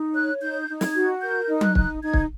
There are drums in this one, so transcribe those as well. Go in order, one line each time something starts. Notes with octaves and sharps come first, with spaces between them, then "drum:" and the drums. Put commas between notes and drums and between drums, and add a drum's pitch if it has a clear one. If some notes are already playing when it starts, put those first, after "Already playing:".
Already playing: D#4
C#5 F#6
D#4 G6
D#4
G#6, drum: snare
F#4
A#4 G6
D#4
F#6, drum: tom F#3
D#4, drum: kick
D#4 G#6
drum: kick